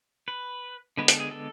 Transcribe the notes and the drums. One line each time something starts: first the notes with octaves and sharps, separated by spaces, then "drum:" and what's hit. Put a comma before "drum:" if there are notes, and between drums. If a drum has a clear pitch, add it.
B4
D3 G#3 B3 B4
A4, drum: hi-hat
G#4
A4